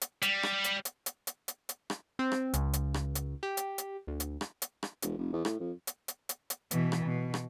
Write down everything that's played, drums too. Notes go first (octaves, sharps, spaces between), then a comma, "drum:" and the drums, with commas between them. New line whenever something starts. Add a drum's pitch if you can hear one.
drum: hi-hat
G3, drum: hi-hat
drum: rim click
drum: hi-hat
drum: hi-hat
drum: hi-hat
drum: hi-hat
drum: hi-hat
drum: hi-hat
drum: rim click
C4
drum: rim click
C#2, drum: hi-hat
drum: hi-hat
drum: rim click
drum: hi-hat
G4
drum: hi-hat
drum: hi-hat
D2
drum: hi-hat
drum: rim click
drum: hi-hat
drum: rim click
E1, drum: hi-hat
F1
E2
A2, drum: rim click
F2
drum: hi-hat
drum: hi-hat
drum: hi-hat
drum: hi-hat
B2 E3, drum: hi-hat
drum: rim click
B2
drum: rim click